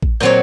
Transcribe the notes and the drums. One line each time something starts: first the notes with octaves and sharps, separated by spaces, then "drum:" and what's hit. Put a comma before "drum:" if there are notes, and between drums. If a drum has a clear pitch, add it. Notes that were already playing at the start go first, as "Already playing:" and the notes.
drum: kick A1
A#2 F#3 C4 C#5